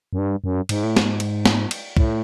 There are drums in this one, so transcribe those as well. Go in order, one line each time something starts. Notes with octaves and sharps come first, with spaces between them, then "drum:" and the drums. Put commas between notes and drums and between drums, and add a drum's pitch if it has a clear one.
F#2
G2
F#2
G#2, drum: cymbal
A2
G#2, drum: snare
drum: cymbal
drum: snare
drum: cymbal
A2, drum: kick C2